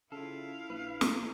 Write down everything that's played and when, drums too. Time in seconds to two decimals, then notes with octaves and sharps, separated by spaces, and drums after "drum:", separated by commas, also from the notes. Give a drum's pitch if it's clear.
0.12 C#3 E4 F4 A4 F5
0.70 A#1 B4
1.01 drum: snare